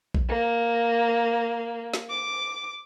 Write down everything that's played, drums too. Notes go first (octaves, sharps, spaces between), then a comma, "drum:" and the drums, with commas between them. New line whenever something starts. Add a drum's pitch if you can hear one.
drum: kick A#1
A#3
drum: snare
D6